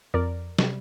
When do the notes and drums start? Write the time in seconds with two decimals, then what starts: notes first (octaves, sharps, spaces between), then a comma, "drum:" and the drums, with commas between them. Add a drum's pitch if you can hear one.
0.14 F2 A#4 D5
0.58 C3 G3, drum: snare